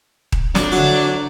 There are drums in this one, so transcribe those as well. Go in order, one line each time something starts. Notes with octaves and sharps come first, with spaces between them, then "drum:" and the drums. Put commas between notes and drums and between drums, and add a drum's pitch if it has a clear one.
drum: kick D#1
F2 F#3 D4, drum: snare
D2 F#3 D6